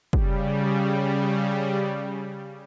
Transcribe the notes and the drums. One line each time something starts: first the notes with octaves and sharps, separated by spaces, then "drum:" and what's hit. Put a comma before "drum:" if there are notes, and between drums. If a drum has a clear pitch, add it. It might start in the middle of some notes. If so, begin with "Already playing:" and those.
C#3 G3, drum: kick